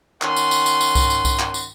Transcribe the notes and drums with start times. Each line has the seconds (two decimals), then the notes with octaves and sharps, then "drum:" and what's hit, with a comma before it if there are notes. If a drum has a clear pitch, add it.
0.22 D#3 C#4 F#5 C6, drum: clap
0.37 drum: tambourine
0.51 drum: tambourine
0.66 drum: tambourine
0.81 drum: tambourine
0.95 drum: kick C2, tambourine
1.10 drum: tambourine
1.25 drum: kick C2, tambourine
1.39 drum: clap
1.54 drum: tambourine